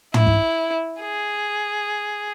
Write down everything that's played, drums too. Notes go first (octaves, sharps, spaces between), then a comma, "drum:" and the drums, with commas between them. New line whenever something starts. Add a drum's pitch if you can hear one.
E4, drum: tom
drum: kick
G#4